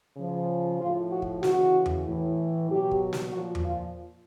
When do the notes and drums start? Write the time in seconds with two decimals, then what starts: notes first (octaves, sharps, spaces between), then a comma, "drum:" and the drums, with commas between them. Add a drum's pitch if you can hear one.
0.16 C#3 F3
0.80 A2 F3 F4
1.12 F#4
1.22 drum: kick
1.43 C#3 E3 F#4, drum: snare
1.86 drum: tom E2
2.06 A2 E3
2.70 B2 F#3 G4
2.91 drum: kick
3.13 drum: snare
3.33 A#2 F3 F#4
3.55 drum: tom E2
3.65 F4